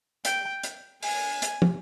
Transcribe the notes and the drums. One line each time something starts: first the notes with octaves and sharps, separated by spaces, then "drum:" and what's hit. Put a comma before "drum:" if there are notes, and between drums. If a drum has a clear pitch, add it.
G5, drum: hi-hat
drum: hi-hat
G#5, drum: open hi-hat
drum: hi-hat
drum: tom